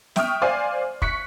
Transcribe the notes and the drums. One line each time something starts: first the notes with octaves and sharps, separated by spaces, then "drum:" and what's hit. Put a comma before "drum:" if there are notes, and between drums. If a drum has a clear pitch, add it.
E5 G5 C#6 D#6 F6, drum: snare
C5 D5 F5 G#5
C#6 F#6 B6 C#7, drum: kick